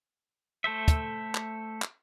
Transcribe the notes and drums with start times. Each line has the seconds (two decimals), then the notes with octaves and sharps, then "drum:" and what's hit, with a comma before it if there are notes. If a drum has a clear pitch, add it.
0.64 A3 A4 C5 E5
0.88 drum: kick, hi-hat
1.35 drum: clap
1.82 drum: clap